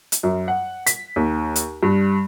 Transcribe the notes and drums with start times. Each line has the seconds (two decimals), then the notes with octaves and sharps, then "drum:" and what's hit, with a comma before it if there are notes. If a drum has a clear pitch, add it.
0.12 drum: hi-hat
0.23 F#2
0.48 F#5
0.87 B6, drum: hi-hat
1.16 D#2
1.56 drum: hi-hat
1.83 G2